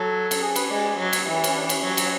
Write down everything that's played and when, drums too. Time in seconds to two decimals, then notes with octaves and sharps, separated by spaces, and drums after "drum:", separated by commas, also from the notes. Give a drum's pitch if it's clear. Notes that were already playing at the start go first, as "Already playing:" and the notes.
Already playing: F#3 A4
0.31 A4, drum: cymbal
0.42 G#4
0.56 B4, drum: cymbal
0.70 G#3 D5
0.98 F#3
1.13 drum: cymbal
1.27 E3
1.44 C#4, drum: cymbal
1.56 D4
1.69 C#4, drum: cymbal
1.83 F#3
1.97 drum: cymbal